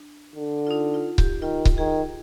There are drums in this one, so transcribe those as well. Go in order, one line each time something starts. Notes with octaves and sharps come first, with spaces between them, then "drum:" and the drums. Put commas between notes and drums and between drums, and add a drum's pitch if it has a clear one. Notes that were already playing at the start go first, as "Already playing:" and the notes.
Already playing: D4
D3
F4
D#4
F4
G4, drum: kick C#1
D#3 F4
drum: kick C#1
D#3 G#4